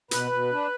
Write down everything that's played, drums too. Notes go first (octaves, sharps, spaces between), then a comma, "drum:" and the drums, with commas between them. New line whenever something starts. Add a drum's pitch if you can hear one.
B2 B4, drum: hi-hat
B2
D4